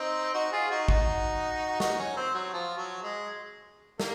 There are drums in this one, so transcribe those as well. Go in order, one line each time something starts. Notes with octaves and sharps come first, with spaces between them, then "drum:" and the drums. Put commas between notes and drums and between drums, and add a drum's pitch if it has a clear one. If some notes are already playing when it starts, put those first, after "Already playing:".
Already playing: C4 D#4
D#4 F#4
F4 G#4
D#4 F#4
D#4 F#4, drum: kick G#1
D#4 F#4, drum: snare
C#4
C4
F#3
F3
F#3
G#3
A#3, drum: snare